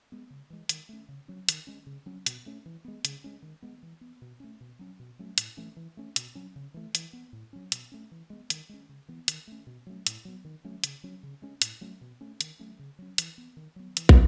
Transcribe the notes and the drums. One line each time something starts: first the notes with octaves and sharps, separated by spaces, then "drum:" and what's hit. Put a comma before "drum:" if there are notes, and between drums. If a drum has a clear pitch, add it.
G#3 B3
C#3
E3 G#3
D#3, drum: hi-hat
A3 C#4
C#3
F#3 C#4
D#3, drum: hi-hat
G#3 C#4
C#3
F#3 C#4
B2, drum: hi-hat
A3 C#4
E3
G#3 B3
C#3, drum: hi-hat
G#3 C#4
D#3
G#3 B3
E3
B3
B2
A3 C#4
B2
F#3 C#4
B2
F#3 A3 C#4
A2, drum: hi-hat
E3 A3 C#4
E3
A3 C#4
B2, drum: hi-hat
F#3 C#4
C#3
E3 A3
E3, drum: hi-hat
B3
A2
F#3 C#4
B2, drum: hi-hat
A3 C#4
E3
G#3 B3
D#3, drum: hi-hat
G#3 C#4
C#3
E3 B3
D#3, drum: hi-hat
A3 C#4
B2
F#3 A3 C#4
A2, drum: hi-hat
F#3 B3
D#3
F#3 A3 C#4
C#3, drum: hi-hat
F#3 C#4
C#3
G#3 C#4
A2, drum: hi-hat
F#3 A3 C#4
B2
A3 C#4
D#3, drum: hi-hat
F#3 A3 C#4
C#3
F#3 C#4
E3, drum: hi-hat
B3
D#3
F#3 B3
E3, drum: hi-hat
drum: kick